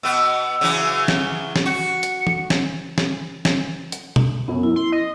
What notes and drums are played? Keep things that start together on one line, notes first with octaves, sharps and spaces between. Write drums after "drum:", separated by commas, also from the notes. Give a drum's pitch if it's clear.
B2 B3 E6
C#3 E3 F#3
drum: snare
drum: snare
F#4 C#7
drum: hi-hat
drum: tom E3
drum: snare
drum: snare
drum: snare
drum: hi-hat
drum: tom B2
F#2 B3
E4
C6
D#5